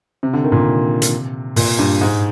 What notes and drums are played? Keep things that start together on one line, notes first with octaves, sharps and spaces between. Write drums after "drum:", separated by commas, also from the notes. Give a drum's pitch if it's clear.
C3
D3
D#3
A#2
C3
drum: hi-hat
A#2, drum: open hi-hat
G2
G#2